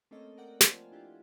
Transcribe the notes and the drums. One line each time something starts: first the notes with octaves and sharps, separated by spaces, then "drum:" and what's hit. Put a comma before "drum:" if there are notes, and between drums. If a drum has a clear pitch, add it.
A3 A#3 C4 C#4 A4 D#5
A#4 D5 F#5 G5
F3 A#3 F4 C5 F5 G#5, drum: snare
D4 E4 F4 G4